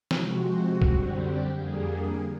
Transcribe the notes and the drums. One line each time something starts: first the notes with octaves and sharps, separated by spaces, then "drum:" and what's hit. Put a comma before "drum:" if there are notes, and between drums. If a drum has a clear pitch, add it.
C3 F3 G#3 C4 F#4, drum: snare
F#2 D3 G3 C4, drum: kick
G4
F2 D3 G3 A#3 G#4